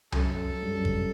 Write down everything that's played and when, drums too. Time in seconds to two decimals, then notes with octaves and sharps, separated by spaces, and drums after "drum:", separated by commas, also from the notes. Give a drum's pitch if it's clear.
0.12 F#2 A4, drum: tom C2
0.50 F#2
0.62 G2
0.74 F#2
0.85 drum: kick